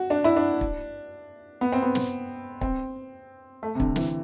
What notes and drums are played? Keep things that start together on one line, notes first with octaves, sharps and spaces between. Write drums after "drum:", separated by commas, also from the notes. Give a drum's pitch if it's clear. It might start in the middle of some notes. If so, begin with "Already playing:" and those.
Already playing: F#4
D4
E4
D4
drum: kick
B3
C4
B3
drum: snare
C4, drum: kick
A3
C3
D3, drum: kick
E3, drum: snare